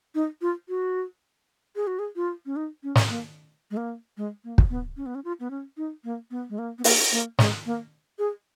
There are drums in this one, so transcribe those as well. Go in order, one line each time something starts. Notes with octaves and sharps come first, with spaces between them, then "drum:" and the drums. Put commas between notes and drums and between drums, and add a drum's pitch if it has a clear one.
D#4
F4
F#4
G#4
F#4
G#4
F4
C#4
D#4
C#4
drum: snare
A#3
G#3
A#3
G#3
A#3
drum: kick
B3
C#4
B3
C#4
F4
B3
C#4
D#4
A#3
B3
G#3
A#3
B3
A#3, drum: open hi-hat
A#3
G#3, drum: snare
A#3
G#4